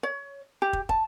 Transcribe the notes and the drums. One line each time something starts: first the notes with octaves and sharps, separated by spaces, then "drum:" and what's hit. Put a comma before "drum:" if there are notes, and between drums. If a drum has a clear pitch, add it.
C#5
G4
drum: kick
A5, drum: kick